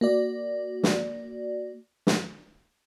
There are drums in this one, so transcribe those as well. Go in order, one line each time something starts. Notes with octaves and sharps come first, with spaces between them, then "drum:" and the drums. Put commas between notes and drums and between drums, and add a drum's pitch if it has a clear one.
A#3 F#4 D5
drum: snare
drum: snare